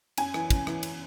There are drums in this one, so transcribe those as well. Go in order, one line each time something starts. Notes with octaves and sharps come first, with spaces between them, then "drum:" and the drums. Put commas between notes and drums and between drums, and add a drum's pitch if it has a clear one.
F#2 G#5, drum: cymbal
E3, drum: rim click
F#2, drum: kick, cymbal
E3, drum: rim click
drum: cymbal